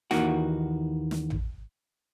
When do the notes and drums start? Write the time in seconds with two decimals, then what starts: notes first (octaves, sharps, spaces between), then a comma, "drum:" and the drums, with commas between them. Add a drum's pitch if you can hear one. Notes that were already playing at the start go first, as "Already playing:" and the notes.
0.11 D#2 E3 A#3 D#4 F#4 F#5, drum: snare
1.11 drum: snare
1.30 drum: tom A1